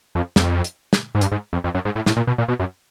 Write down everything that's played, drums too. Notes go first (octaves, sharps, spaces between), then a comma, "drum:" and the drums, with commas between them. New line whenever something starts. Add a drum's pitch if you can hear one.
F2
F2, drum: snare
drum: hi-hat
drum: snare
G#2
G2, drum: hi-hat
G#2
F2
F2
F#2
G#2
A2
A2, drum: snare
A#2
B2
A#2
B2
F#2